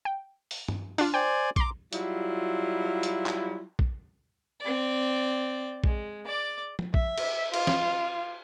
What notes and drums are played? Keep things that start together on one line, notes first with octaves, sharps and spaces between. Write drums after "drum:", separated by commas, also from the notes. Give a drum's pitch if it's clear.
G5
drum: open hi-hat
drum: tom
D4 F4, drum: open hi-hat
C5 D5 G5 G#5
A#5 C6 D6, drum: kick
F#3 G3 E4 F4, drum: hi-hat
drum: hi-hat
drum: clap
drum: kick
C4 D5
G#3, drum: kick
D5 D6
drum: tom
E5, drum: kick
drum: cymbal
F4, drum: cymbal
drum: snare